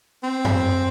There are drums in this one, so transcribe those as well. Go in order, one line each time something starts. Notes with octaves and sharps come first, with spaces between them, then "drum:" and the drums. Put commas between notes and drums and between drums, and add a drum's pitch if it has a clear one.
C4
drum: tom F#2